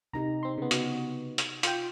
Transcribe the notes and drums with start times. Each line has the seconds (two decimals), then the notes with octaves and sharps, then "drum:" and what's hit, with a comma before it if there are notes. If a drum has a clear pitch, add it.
0.13 C3 D#4 G4 A#5
0.43 C4 C6
0.58 C#3 B3
0.71 F#4, drum: hi-hat
1.38 drum: hi-hat
1.63 F4 G5, drum: hi-hat